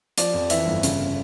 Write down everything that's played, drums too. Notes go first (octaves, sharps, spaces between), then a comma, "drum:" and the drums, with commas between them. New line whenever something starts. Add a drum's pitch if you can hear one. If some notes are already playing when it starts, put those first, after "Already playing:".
F3 D5, drum: hi-hat
F2
E3 E5, drum: hi-hat
G1
C#3, drum: hi-hat